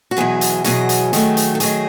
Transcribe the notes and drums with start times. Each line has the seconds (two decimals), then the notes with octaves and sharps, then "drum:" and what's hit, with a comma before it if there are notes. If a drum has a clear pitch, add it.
0.11 F#4
0.17 E2 B2 F#3 G#4
0.41 drum: hi-hat
0.64 E2 B2 F#3 G#4, drum: hi-hat
0.89 drum: hi-hat
1.13 D#3 F#3 A3, drum: hi-hat
1.37 drum: hi-hat
1.55 A4
1.60 D#3 F#3 A3 G#4, drum: hi-hat